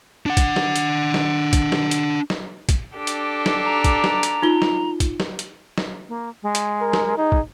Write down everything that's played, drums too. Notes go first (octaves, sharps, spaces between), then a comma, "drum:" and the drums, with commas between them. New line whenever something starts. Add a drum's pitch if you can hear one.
D4 F#5
drum: kick, hi-hat
drum: snare
drum: hi-hat
drum: snare
drum: kick, hi-hat
drum: snare
drum: hi-hat
drum: snare
drum: kick, hi-hat
D4 G4 A4
drum: hi-hat
drum: snare
A#5
drum: kick, hi-hat
drum: snare
drum: hi-hat
D#4 F4 G7
drum: snare
drum: kick, hi-hat
drum: snare
drum: hi-hat
drum: snare
A#3
G#3
drum: hi-hat
A#4
drum: snare
D#4 G#4
drum: kick